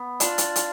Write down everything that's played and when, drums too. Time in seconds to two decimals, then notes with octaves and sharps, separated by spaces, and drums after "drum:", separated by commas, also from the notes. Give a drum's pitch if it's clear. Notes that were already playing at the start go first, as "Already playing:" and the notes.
Already playing: B3
0.20 D4 F4, drum: hi-hat
0.38 drum: hi-hat
0.56 drum: hi-hat